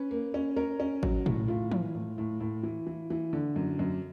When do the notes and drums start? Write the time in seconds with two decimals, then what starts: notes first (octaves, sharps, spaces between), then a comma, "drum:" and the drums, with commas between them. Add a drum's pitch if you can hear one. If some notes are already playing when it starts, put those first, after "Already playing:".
Already playing: C#4 B4
0.11 A#3
0.34 C#4
0.56 C#4 A#4
0.80 C#4
1.03 F#3, drum: kick G#1
1.26 A2, drum: tom
1.48 A2 F4
1.71 E3, drum: tom
1.95 A2
2.18 A2
2.40 A2
2.63 E3
2.87 E3
3.10 E3
3.33 D3
3.56 F#2
3.79 F#2